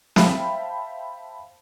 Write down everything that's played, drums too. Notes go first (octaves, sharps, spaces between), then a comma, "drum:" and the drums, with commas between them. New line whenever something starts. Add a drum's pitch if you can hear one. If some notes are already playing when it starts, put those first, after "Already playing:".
C5 E5 F5 G5 A5 B5, drum: snare